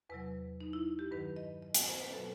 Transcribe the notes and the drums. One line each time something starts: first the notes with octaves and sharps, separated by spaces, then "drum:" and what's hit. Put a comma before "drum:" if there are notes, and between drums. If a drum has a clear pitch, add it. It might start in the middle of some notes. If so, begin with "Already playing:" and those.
E2 C3 F#3 B4
D#4
E4
G4
G2 D#3 F#3 B4
D#5
D#5
D#5, drum: hi-hat
C5
B4
B2 F#3 A4